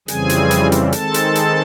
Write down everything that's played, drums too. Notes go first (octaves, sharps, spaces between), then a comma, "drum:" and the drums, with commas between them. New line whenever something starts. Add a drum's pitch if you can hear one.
F2 C#3 E3 G3 C4 G#4 G#5, drum: hi-hat
drum: hi-hat
drum: hi-hat
drum: hi-hat
D#3 G#3 C4 A4 A5, drum: hi-hat
drum: hi-hat
drum: hi-hat